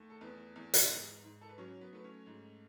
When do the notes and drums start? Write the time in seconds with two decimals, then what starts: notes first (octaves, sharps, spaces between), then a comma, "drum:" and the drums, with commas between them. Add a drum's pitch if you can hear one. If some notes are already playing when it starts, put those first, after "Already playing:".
Already playing: D#2 A3
0.10 A4
0.21 E2 B3 B4
0.56 E2
0.74 drum: hi-hat
0.90 G#2
1.24 G#2
1.41 A4
1.49 B4
1.58 F#3 C#4 C#5
1.81 B3 B4
1.93 A3 B4
2.04 C#4 C#5
2.26 G#2